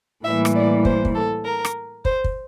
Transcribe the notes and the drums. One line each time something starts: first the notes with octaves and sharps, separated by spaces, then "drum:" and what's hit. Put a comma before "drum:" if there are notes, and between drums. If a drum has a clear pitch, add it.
A2 E3 G3 A#3 E5
drum: rim click
D5
C5, drum: kick
drum: kick
A4
A#4
drum: rim click
C5, drum: kick
drum: kick